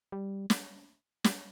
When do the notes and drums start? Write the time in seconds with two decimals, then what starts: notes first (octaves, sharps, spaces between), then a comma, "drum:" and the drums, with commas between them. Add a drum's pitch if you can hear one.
0.12 G3
0.50 drum: snare
1.24 G3, drum: snare